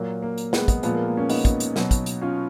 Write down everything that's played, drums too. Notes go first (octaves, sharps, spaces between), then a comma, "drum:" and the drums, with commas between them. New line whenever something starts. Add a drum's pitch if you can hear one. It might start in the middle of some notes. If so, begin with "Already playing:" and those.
Already playing: A#2 F#3 A#3
A#3
drum: hi-hat
G#3 B3, drum: snare
G#3 B3, drum: kick, hi-hat
A#2 F3 G#3 B3, drum: hi-hat
A#3
A#3
A#3 C#4
B3 D#4, drum: open hi-hat
drum: kick, hi-hat
drum: hi-hat
B2 F#3, drum: snare
drum: kick, hi-hat
drum: hi-hat
C#4 F4